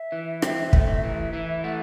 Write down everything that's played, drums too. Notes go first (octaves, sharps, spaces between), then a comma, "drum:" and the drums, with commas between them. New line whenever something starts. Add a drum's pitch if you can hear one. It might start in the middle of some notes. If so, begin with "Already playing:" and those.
Already playing: E5
E3
C4, drum: rim click
A3, drum: kick
E3
E3
A3 F#5